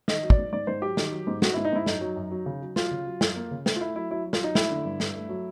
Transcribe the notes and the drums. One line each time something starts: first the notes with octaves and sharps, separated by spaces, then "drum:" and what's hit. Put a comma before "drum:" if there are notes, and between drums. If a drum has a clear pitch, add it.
D#3 D#5, drum: snare
F#3
D5, drum: kick
G#2
G#2 D5
G#2 C5
F#3 G4
D#3, drum: snare
F#3
G#2
G#2 F#4, drum: snare
G#2 E4
D#4
G#2 E4
F#2 D#4, drum: snare
F#3
F#2
F#3
C#3
F#3
F#3 F4, drum: snare
C#3
F#3
F#2, drum: snare
A#3
C#3
A3, drum: snare
F4
A3 E4
F#3 E4
F#3 E4
F#3
F4, drum: snare
F#3 D#4
A3 E4, drum: snare
D3
G2
G2, drum: snare
A3
F#3